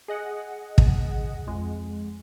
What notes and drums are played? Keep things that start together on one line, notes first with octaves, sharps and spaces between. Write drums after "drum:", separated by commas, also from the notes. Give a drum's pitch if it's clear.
G#4 D#5 F#5
drum: kick
F2 G#3